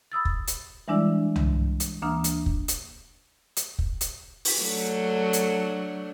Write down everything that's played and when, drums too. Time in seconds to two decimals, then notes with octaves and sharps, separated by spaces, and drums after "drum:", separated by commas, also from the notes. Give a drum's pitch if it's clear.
0.12 B5 D#6 E6 A6
0.25 drum: kick
0.47 drum: hi-hat
0.88 E3 G3 G#3 D4 E4 D5
1.36 drum: tom C2
1.80 drum: hi-hat
2.02 D2 E3 A#3 D4 D#6 F6
2.24 drum: hi-hat
2.46 drum: kick
2.68 drum: hi-hat
3.56 drum: hi-hat
3.79 drum: kick
4.01 drum: hi-hat
4.45 drum: open hi-hat
4.60 F#3 A3 D4
5.33 drum: hi-hat